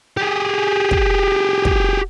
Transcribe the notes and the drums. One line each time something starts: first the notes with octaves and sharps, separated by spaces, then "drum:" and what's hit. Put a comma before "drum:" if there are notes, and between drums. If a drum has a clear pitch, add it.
G4 G#4
drum: kick
drum: kick